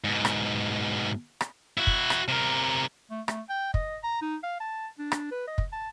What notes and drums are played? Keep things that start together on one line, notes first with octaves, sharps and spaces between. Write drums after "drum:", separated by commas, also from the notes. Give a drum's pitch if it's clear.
G#2 B2
drum: rim click
drum: rim click
E4 F#4
drum: kick
drum: rim click
C3 A#4
A3
A3, drum: rim click
G5
D#5, drum: kick
A#5
D#4
F5
A5
D4
drum: rim click
B4
D#5
drum: kick
A5